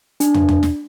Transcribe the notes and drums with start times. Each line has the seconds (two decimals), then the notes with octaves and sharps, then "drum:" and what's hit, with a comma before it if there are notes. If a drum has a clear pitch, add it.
0.20 D4, drum: hi-hat
0.34 drum: tom
0.49 drum: tom
0.63 drum: snare